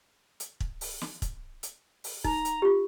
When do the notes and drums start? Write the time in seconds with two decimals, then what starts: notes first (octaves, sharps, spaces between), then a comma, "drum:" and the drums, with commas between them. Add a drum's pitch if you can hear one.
0.40 drum: hi-hat
0.60 drum: kick
0.81 drum: open hi-hat
1.01 drum: snare
1.22 drum: kick, hi-hat
1.63 drum: hi-hat
2.04 drum: open hi-hat
2.24 D#4 A#5, drum: kick
2.45 drum: hi-hat
2.62 F4 G4